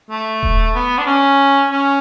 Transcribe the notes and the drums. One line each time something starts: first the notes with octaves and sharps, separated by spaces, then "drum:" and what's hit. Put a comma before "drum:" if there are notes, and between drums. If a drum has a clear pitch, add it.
A3
drum: kick D#1
B3
D4
C#4
C#4